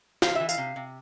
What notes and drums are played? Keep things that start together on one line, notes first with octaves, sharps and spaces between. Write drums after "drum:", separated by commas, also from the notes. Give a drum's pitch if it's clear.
E3 F5, drum: snare
E3 E5
F5, drum: tambourine
C3
C3